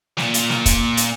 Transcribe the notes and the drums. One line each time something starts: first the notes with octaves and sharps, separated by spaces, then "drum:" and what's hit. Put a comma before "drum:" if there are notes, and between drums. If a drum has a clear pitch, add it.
A#2, drum: snare
drum: hi-hat
drum: snare
drum: kick, hi-hat
drum: hi-hat